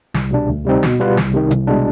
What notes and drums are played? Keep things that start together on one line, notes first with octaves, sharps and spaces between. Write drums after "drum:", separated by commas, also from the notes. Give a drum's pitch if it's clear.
C2, drum: snare
B2 G3 D4
D2
C3 G3 C4 D#4
B2, drum: snare
G3 B3 F4 B4
C2, drum: snare
C3 D#3
C2, drum: hi-hat
B2 G#3 D4